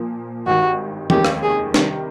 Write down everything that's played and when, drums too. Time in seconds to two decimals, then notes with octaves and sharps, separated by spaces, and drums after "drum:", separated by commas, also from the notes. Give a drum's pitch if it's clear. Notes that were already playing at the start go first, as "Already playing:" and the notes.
Already playing: A#2 F3 A#3
0.46 G#1 G2 D#3 F#4
1.10 F1 D#2 D#3 G#3 C#4 G4, drum: tom E3
1.25 drum: rim click
1.43 G#4
1.74 C3 D#3 G3, drum: snare